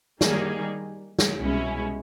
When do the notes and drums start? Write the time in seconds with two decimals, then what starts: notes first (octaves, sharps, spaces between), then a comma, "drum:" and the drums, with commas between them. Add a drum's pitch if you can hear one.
0.21 D#3 G3 A#3 D#4 G#4, drum: snare
1.19 drum: snare
1.38 C2 B2 G#3 C#4 E4